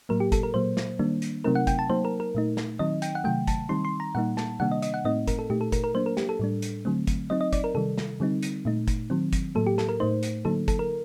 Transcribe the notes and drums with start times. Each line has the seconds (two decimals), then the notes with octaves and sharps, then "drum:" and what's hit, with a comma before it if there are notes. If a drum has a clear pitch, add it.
0.09 A2 F#3 A#3 A#4
0.20 G4
0.32 A4, drum: kick G1, hi-hat
0.43 A#4
0.54 A#2 F#3 A#3 C5
0.77 drum: snare
0.99 D#3 G3 A#3 D4
1.22 drum: hi-hat
1.44 C3 F#3 A3 C4 D#4 A#4
1.55 F#5
1.67 G5, drum: kick G1, hi-hat
1.79 A5
1.90 F#3 A#3 D#4 C5
2.05 A#4
2.20 A#4
2.35 A#2 A3 D#4
2.57 drum: snare
2.79 D#3 F#3 C4 D#4 D#5
3.02 G5, drum: hi-hat
3.15 F#5
3.24 C3 D#3 F#3 A3 G5
3.48 A5, drum: kick G1, hi-hat
3.69 D#3 G3 C4 D#4 C6
3.85 C6
4.00 A#5
4.15 A#2 G3 A#3 D#4 F#5
4.37 A5, drum: snare
4.60 C3 D#3 G3 A#3 D4 F#5
4.71 D#5
4.82 D#5, drum: hi-hat
4.94 F#5
5.05 A2 A3 C4 D#4 D#5
5.28 A#4, drum: kick G1, hi-hat
5.39 A4
5.50 A#2 A3 D#4 G4
5.61 A4
5.72 A#4, drum: kick G1, hi-hat
5.84 A#4
5.94 F#3 A#3 D4 C5
6.06 A#4
6.17 G4, drum: snare
6.29 A4
6.39 A2 G3 D4
6.62 drum: hi-hat
6.85 D3 F#3 A3 C4
7.07 drum: kick G1, hi-hat
7.30 F#3 C4 D#4 D#5
7.41 D#5
7.53 D5, drum: kick G1, hi-hat
7.64 A#4
7.75 C3 D#3 G3 A4
7.98 drum: snare
8.20 D3 G3 C4 D#4
8.43 drum: hi-hat
8.65 A#2 A3 D#4
8.88 drum: kick G1, hi-hat
9.10 D#3 F#3 C4
9.33 drum: kick G1, hi-hat
9.55 A2 F#3 A#3 A4
9.67 G4
9.78 A4, drum: snare
9.89 A#4
10.00 A2 A3 D#4 C5
10.23 drum: hi-hat
10.45 D3 F#3 A#3 D#4 A4
10.68 A4, drum: kick G1, hi-hat
10.79 A#4